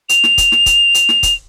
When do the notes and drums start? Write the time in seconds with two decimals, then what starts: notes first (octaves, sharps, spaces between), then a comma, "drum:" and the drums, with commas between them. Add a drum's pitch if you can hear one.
0.09 F7, drum: hi-hat
0.24 drum: snare
0.38 drum: kick, hi-hat
0.52 drum: snare
0.66 drum: kick, hi-hat
0.94 drum: hi-hat
1.09 drum: snare
1.23 drum: kick, hi-hat